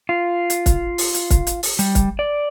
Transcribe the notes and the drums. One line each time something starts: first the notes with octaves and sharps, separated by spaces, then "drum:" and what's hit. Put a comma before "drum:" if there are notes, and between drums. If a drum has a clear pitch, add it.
F4
drum: hi-hat
drum: kick, hi-hat
drum: open hi-hat
drum: hi-hat
drum: kick, hi-hat
drum: hi-hat
drum: open hi-hat
G3, drum: hi-hat
drum: kick, hi-hat
D5